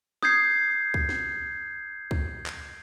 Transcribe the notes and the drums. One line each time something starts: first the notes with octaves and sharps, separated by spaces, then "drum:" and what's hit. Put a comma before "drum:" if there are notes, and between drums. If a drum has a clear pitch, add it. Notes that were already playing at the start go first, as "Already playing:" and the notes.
D#6 G6 G#6 C7, drum: snare
drum: kick C#2
drum: snare
drum: kick C#2
drum: clap